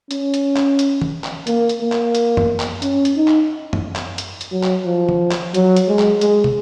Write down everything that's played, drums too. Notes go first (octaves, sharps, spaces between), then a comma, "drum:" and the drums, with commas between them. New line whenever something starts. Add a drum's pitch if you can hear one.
C#4, drum: hi-hat
drum: hi-hat
drum: clap
drum: hi-hat
drum: tom D#3
drum: clap
A#3, drum: hi-hat
drum: hi-hat
A#3
drum: clap
drum: hi-hat
drum: tom F#2
drum: clap
C#4, drum: hi-hat
drum: hi-hat
D#4
drum: clap
drum: tom F#2
drum: clap
drum: hi-hat
drum: hi-hat
F#3
drum: clap
F3
drum: tom D#3
drum: clap
F#3, drum: hi-hat
drum: hi-hat
G#3
drum: clap
G#3, drum: hi-hat
drum: tom